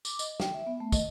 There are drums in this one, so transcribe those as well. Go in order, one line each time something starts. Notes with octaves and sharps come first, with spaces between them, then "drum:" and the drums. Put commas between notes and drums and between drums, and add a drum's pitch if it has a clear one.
D6, drum: tambourine
D#5, drum: tambourine
G5, drum: snare
E5
B3
A3
D#5, drum: kick, tambourine